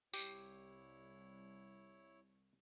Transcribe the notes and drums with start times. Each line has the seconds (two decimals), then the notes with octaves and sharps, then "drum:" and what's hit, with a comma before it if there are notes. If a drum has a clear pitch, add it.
0.14 C2 E4 G4 C#5, drum: tambourine